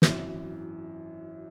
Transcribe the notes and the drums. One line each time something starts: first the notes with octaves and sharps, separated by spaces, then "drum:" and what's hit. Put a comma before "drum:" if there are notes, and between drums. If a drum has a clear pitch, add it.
G#1 F#2 E3, drum: snare